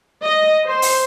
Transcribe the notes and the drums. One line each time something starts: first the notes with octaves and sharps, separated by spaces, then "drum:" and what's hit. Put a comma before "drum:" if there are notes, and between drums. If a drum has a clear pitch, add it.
D#5
C5
drum: open hi-hat